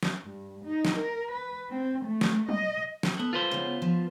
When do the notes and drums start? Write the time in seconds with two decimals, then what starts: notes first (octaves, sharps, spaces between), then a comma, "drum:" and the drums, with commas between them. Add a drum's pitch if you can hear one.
0.03 drum: snare
0.25 G2
0.65 D#4
0.85 drum: snare
0.95 A#4
1.31 B4
1.70 C4
2.05 A3
2.21 drum: snare
2.49 D#5, drum: tom F#3
3.03 drum: snare
3.19 B3 A4
3.33 F4 B4 C5
3.51 C#3 B3
3.82 F3